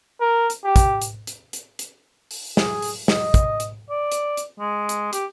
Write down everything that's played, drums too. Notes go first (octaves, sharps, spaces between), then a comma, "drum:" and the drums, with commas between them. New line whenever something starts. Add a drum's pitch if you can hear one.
A#4
drum: hi-hat
G4
drum: kick, hi-hat
drum: hi-hat
drum: hi-hat
drum: hi-hat
drum: hi-hat
drum: open hi-hat
G#4, drum: snare
drum: open hi-hat
D#5, drum: snare
drum: kick, hi-hat
drum: hi-hat
D5
drum: hi-hat
drum: hi-hat
G#3
drum: hi-hat
G4, drum: hi-hat